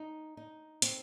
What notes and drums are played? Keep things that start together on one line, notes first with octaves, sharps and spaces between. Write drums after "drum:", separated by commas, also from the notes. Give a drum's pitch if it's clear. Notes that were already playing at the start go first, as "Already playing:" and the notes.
Already playing: D#4
D#4
C4, drum: hi-hat